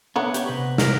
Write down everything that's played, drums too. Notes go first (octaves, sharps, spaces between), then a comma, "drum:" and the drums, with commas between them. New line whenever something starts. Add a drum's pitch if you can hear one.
A3 B3 C#4 D4 A#5
G4 C#5, drum: hi-hat
C3 B4
A#4, drum: snare